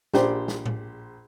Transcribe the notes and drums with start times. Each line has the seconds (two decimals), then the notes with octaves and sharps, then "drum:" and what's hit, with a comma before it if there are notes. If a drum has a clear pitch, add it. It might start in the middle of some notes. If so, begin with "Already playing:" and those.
0.14 A#1 G4 G#4 C5 D5, drum: snare
0.48 drum: snare
0.66 drum: tom A2